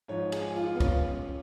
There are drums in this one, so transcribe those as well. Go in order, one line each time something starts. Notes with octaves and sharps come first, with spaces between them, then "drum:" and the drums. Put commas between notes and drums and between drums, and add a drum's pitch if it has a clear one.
G#2 F3 C#5
G#4, drum: cymbal
F4
B3
C#4, drum: kick, cymbal